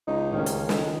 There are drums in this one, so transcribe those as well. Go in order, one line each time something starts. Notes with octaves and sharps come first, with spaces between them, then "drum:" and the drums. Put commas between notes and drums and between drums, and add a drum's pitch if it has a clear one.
C#2 D#4
C2 D#3 C#4
drum: hi-hat
D#4, drum: snare